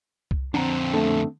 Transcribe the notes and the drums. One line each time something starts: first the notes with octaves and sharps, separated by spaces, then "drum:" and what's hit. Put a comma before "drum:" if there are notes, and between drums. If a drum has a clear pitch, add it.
drum: kick C2
F2 D3 C4 D4 F#5 A#5
A3 B3 D4 A4